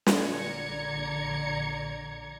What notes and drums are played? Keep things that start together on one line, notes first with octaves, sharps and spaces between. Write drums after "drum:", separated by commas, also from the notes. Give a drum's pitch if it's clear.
drum: snare
A#1 D3 D5 A#5 G#6 C#7